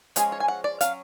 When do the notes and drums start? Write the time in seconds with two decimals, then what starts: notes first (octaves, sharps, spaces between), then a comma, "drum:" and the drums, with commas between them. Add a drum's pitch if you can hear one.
0.16 F3 G#3 C#4 G#4, drum: hi-hat
0.32 C#5
0.40 G#5
0.48 F#5
0.64 D5
0.81 F#3 C#4 F5, drum: hi-hat